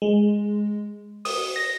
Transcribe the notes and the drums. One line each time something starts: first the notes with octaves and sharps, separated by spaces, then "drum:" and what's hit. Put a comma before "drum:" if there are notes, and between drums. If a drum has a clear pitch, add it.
G#3
D#6, drum: open hi-hat
A#6